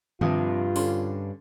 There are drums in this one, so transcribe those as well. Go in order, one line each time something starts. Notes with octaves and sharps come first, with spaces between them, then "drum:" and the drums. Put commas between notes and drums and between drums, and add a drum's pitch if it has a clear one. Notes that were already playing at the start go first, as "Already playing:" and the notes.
G2 C3 F3 F4 D#6, drum: tom D3
D3 C#4 C6, drum: open hi-hat